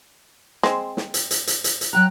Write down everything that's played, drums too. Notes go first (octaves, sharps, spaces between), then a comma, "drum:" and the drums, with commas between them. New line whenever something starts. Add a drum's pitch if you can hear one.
G#3 C4, drum: snare
drum: snare
drum: hi-hat
drum: hi-hat
drum: hi-hat
drum: hi-hat
drum: hi-hat
F#3 G5 A#5 F#6